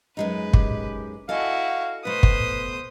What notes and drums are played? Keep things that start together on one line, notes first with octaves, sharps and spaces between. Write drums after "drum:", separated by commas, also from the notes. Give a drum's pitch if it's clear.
F#2 G#3 D#4 B4
G4, drum: kick
E4 F#4 A4 D#5 F5 G#5
B2 A3 B4 C5 D#6
drum: kick